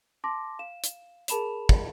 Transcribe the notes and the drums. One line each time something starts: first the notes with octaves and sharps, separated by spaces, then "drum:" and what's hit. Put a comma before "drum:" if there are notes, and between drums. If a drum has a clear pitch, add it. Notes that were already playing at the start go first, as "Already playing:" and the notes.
A5 C6 D6 A#6
F5 E7
drum: hi-hat
G#4 A#4 A5 B5 E7 F7, drum: hi-hat
drum: kick